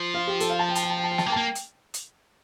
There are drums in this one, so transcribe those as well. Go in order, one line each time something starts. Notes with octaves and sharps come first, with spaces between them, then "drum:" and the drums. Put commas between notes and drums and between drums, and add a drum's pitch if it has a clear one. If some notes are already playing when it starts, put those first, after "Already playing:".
Already playing: F3
F4
G4
A4, drum: hi-hat
F5
A5
G5
A5, drum: hi-hat
G5
A5
G5
A5
G5
A5, drum: snare
A#3 G5
A5
A#3 G5
drum: hi-hat
drum: hi-hat